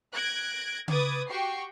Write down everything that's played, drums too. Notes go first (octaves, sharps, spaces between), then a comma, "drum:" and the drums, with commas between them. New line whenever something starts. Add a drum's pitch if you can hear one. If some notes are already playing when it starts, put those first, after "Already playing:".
F#6 G#6 A#6 D7
B4 D6 D#6 G#6 A6, drum: tom C#3
F#4 G4 G5 C#6 C7